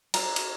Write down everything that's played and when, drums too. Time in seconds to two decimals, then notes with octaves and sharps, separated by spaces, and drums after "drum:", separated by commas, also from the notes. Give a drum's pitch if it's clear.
0.14 A#5, drum: cymbal
0.36 drum: cymbal